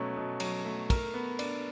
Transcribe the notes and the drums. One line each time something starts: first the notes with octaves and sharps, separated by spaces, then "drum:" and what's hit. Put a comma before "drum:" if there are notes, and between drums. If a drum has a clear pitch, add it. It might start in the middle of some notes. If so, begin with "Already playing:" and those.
Already playing: B2 F#3 A3 C#4
B2
F#3, drum: cymbal
A3
A#4, drum: kick, cymbal
B3
D4, drum: cymbal